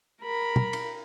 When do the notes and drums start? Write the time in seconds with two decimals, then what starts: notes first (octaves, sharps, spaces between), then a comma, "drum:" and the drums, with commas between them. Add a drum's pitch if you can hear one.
0.22 A#4 B5
0.56 drum: tom
0.73 drum: cymbal